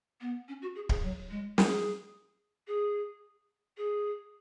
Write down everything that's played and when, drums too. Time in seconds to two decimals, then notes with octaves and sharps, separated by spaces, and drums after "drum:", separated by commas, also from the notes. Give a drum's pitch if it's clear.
0.21 B3
0.48 C#4
0.62 F#4
0.75 G#4
0.89 G#4, drum: kick D1
1.03 F#3
1.30 G#3
1.58 G#4, drum: snare
2.67 G#4
3.77 G#4